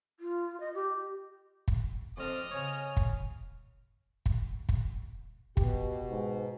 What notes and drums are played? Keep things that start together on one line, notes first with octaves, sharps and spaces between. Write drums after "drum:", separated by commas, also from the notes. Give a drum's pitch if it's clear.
F4
D#5
G4
drum: kick
F2 C4 D4 D#5 F6
C#3 C#5
drum: kick
drum: kick
drum: kick
B2 G4, drum: kick
G#2